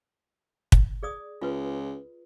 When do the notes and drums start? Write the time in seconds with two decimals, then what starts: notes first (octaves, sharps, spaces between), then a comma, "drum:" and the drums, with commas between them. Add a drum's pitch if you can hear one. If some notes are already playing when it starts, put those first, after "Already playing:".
0.72 drum: kick
1.03 G#4 D5 D#6
1.41 C#2 F4 B4